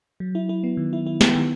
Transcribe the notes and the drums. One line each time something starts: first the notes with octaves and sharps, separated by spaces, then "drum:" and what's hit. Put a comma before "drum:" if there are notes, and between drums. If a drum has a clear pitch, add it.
F#3
E4
E4
B3
D#3
E4
E4
B3, drum: snare
D#3